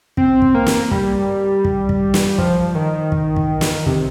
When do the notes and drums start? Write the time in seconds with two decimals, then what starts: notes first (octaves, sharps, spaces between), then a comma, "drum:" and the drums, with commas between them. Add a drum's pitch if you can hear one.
0.17 C4, drum: kick
0.42 drum: kick
0.55 A#3
0.66 drum: snare
0.91 G3, drum: kick
1.65 drum: kick
1.89 drum: kick
2.14 drum: snare
2.38 F3, drum: kick
2.75 D#3
3.12 drum: kick
3.37 drum: kick
3.61 drum: snare
3.86 C3, drum: kick